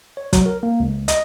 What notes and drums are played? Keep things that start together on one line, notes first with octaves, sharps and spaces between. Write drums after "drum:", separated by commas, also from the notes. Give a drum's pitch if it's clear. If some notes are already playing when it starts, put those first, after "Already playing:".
C#5
F#3, drum: kick, hi-hat
A#4
A#3
C#2
D#5, drum: hi-hat